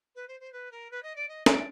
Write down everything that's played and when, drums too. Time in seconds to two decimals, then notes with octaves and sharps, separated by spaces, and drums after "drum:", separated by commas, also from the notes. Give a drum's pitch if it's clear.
0.15 B4
0.28 C5
0.40 C5
0.52 B4
0.71 A#4
0.91 B4
1.03 D#5
1.16 D5
1.28 D#5
1.46 D5, drum: snare